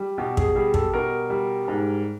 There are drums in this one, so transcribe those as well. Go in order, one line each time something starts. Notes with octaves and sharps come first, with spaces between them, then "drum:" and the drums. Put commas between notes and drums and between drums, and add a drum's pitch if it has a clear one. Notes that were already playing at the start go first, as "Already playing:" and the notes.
Already playing: G3
B2 G4
G#4, drum: kick
G3 G#4
A4, drum: kick
B2 A#4
G3
G#2